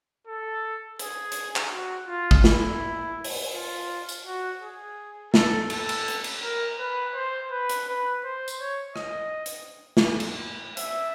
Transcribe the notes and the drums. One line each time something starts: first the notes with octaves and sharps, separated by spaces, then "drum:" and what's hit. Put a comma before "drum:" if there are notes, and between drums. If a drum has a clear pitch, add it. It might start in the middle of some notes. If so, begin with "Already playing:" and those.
A4
G#4, drum: hi-hat
drum: hi-hat
drum: clap
F#4
F4
drum: kick
E4, drum: snare
drum: open hi-hat
F4
drum: tambourine
F#4
G#4
A4, drum: snare
A4, drum: cymbal
drum: cymbal
drum: hi-hat
drum: cymbal
A#4
B4
C5
B4
drum: hi-hat
B4
C5
drum: tambourine
C#5
D#5, drum: rim click
drum: hi-hat
drum: snare
drum: cymbal
E5, drum: hi-hat